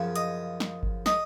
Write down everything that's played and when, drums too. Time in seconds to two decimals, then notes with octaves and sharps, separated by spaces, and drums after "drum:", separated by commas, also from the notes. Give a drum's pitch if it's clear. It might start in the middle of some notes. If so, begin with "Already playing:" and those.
Already playing: F#2 C#3 F3
0.16 D#5, drum: hi-hat
0.60 drum: snare
0.83 drum: kick G1
1.06 D#5, drum: snare